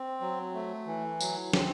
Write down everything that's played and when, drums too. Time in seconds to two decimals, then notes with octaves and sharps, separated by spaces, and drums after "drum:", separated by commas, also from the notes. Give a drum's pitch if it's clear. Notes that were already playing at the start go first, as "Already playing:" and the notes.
Already playing: C4
0.21 F#3
0.54 A3
0.86 E3
1.21 F#3, drum: tambourine
1.53 C4, drum: snare